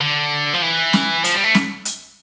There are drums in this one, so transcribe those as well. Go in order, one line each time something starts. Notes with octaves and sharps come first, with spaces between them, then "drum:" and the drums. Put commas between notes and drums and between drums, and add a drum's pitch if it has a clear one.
D3
F3
E3
drum: snare
F3, drum: hi-hat
G3
A3
drum: snare
drum: hi-hat